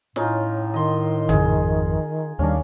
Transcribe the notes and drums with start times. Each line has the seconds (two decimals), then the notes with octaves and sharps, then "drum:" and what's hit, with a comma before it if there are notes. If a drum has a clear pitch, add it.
0.16 A2 C#4 D#4 F4, drum: snare
0.74 D#3 D#5 C6
1.29 G#1 F2 G#4, drum: tom C#3
2.39 D#2 D#3 G3 C#4 D4 F5